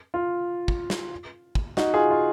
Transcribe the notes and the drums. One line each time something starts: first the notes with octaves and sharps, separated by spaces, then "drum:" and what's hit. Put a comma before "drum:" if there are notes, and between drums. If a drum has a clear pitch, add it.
F4
drum: kick
drum: snare
drum: kick
D#4 F#4, drum: snare
F4 G#4
F4